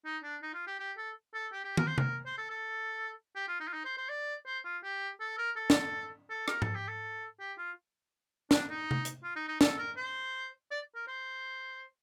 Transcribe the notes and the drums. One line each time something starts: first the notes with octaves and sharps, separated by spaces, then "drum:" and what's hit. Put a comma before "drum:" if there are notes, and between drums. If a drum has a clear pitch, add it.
D#4
D4
D#4
F4
G4
G4
A4
A4
G4
G4
A#4, drum: tom
C5
A#4, drum: tom C3
C5
A4
A4
G4
F4
D#4
F4
D#4
C5
C5
D5
C5
F4
G4
A4
A#4
A4
drum: snare
A4
A#4, drum: rim click
A4, drum: tom G#2
G4
A4
G4
F4
D4, drum: snare
D#4
drum: tom C3
drum: hi-hat
F4
D#4
D#4
A4, drum: snare
A#4
C5
D5
A#4
C5